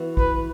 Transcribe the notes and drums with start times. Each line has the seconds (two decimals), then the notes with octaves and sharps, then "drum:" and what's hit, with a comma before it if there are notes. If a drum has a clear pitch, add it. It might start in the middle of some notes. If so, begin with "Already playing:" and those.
Already playing: E3 B3 F#4
0.17 B4, drum: kick A#1